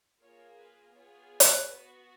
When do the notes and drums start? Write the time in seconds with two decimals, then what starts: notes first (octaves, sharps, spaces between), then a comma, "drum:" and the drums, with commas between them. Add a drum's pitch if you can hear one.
0.22 A#3 F4 G#4 C#5
0.58 B4
0.94 B3 F4 G#4 C#5
1.40 drum: hi-hat
1.67 B3 F#4 B4